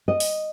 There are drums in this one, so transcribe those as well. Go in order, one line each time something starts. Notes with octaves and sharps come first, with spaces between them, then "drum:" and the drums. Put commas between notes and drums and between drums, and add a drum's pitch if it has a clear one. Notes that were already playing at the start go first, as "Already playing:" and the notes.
D#5
drum: open hi-hat